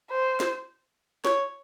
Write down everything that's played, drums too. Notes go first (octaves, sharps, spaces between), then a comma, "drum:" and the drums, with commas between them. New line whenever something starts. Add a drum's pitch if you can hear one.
C5
drum: snare
C#5, drum: snare